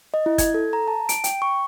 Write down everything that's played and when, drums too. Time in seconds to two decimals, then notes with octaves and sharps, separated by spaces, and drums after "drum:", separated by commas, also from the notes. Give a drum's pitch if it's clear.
0.14 D#5
0.26 E4
0.38 G#6, drum: kick, hi-hat
0.54 A4
0.73 A#5
0.88 A5
1.09 D7, drum: hi-hat
1.24 G5, drum: hi-hat
1.42 C#6